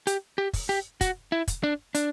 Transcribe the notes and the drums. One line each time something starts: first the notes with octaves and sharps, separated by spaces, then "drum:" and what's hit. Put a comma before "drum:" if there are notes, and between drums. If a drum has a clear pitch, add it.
G4, drum: hi-hat
G4
drum: kick, open hi-hat
G4
F#4, drum: kick, hi-hat
E4
drum: kick, hi-hat
D4
D4, drum: hi-hat